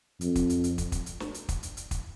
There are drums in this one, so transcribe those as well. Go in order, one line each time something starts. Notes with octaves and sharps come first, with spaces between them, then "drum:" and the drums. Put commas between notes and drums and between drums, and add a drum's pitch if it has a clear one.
F2, drum: hi-hat
drum: kick, hi-hat
drum: hi-hat
drum: hi-hat
drum: kick, hi-hat
drum: kick, hi-hat
drum: hi-hat
drum: snare
drum: hi-hat
drum: kick, hi-hat
drum: hi-hat
drum: hi-hat
drum: kick, hi-hat